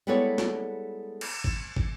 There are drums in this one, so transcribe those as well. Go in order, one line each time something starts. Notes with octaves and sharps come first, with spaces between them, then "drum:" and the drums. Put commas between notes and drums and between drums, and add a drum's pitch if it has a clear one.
G3 G#3 B3 E4 A4 C#5
drum: snare
drum: cymbal
drum: kick
drum: kick